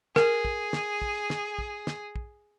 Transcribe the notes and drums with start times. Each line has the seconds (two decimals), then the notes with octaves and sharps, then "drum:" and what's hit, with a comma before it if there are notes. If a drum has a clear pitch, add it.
0.16 G#4 A#4, drum: snare
0.45 drum: kick
0.73 drum: snare
1.02 drum: kick
1.30 drum: snare
1.59 drum: kick
1.87 drum: snare
2.16 drum: kick